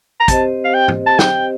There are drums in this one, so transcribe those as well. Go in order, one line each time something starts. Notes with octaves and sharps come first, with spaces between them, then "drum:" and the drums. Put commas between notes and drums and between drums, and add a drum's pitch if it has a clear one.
A#5
C4 G4 C5 D#5 A5, drum: kick, hi-hat
F5
G5
drum: tom G#2
A5
G5, drum: snare